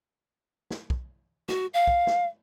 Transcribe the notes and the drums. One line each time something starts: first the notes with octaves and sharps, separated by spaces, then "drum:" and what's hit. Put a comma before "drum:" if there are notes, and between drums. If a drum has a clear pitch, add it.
drum: snare
drum: kick
F#4, drum: snare
F5
drum: kick
drum: snare